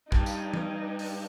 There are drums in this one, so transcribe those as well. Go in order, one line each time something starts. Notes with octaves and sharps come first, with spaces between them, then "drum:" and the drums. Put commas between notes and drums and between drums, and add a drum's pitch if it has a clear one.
G2 D#4, drum: kick
drum: tambourine
drum: tom E3
drum: open hi-hat